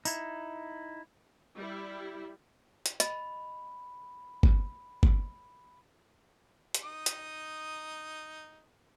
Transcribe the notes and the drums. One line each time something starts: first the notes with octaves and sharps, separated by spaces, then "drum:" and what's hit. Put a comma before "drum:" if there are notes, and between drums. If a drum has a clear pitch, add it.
D#4 E4, drum: tambourine
G3 E4
drum: hi-hat
D#5 B5, drum: hi-hat
drum: kick
drum: kick
drum: hi-hat
D#4 D#6
drum: hi-hat